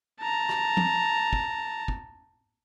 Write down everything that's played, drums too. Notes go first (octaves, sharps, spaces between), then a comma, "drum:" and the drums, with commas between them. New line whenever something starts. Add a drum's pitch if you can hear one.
A5 A#5
drum: rim click
drum: tom F3
drum: kick
drum: kick